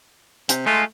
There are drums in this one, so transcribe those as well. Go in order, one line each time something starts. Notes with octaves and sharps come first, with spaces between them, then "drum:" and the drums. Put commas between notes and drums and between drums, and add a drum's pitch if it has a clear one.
C3, drum: hi-hat
G#3 A3 F4